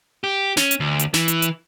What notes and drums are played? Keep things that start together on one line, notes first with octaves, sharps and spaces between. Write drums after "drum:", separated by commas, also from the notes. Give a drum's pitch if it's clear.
G4
C#4, drum: snare
drum: hi-hat
D2
drum: hi-hat
E3, drum: snare
drum: hi-hat
drum: hi-hat